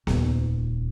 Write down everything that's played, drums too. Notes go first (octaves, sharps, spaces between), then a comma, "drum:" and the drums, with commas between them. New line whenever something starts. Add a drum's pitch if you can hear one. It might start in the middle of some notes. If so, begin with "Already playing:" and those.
D#1 C#2, drum: snare B3